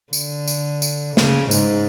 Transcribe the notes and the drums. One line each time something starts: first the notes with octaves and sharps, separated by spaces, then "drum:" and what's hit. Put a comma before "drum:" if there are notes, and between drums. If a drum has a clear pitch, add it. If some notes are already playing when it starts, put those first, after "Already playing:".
D3, drum: tambourine
drum: tambourine
drum: tambourine
C#3, drum: snare
G#2, drum: tambourine